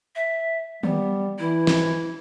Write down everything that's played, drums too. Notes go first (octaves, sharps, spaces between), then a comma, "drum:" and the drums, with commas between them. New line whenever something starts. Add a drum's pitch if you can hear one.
E5
G3 B3, drum: tom D#3
E3 E4
drum: snare